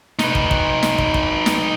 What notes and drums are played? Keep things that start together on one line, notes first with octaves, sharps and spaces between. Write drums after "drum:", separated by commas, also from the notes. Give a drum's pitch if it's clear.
D#4 B4, drum: snare
drum: kick
drum: kick
drum: snare
drum: kick
drum: kick
drum: snare